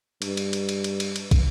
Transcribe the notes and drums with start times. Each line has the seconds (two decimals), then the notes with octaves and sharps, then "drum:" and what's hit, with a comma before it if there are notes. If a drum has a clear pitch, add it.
0.22 G2, drum: cymbal
0.37 drum: cymbal
0.53 drum: cymbal
0.69 drum: cymbal
0.84 drum: cymbal
1.00 drum: cymbal
1.16 drum: cymbal
1.31 drum: kick, cymbal